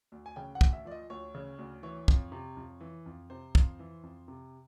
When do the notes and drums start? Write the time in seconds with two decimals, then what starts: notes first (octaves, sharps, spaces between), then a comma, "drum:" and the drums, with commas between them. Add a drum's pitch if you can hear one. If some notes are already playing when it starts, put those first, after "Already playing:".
0.12 D2
0.26 G#5
0.36 C#3 G5
0.55 F#5
0.61 D2, drum: kick
0.73 E5
0.85 F3 D5
0.91 D#5
1.10 D2 C#5
1.35 C#3
1.58 D2
1.83 E3 C#5
2.08 F2, drum: kick
2.32 C3
2.57 F2
2.81 E3
3.06 F2
3.30 C3 C5
3.55 F2, drum: kick
3.79 E3
4.03 F2
4.28 C3